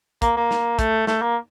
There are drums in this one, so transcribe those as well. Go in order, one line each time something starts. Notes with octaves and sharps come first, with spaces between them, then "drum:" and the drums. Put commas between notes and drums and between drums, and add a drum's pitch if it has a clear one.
A#3, drum: kick, hi-hat
A#3
drum: snare
A3, drum: kick, hi-hat
A3, drum: snare
A#3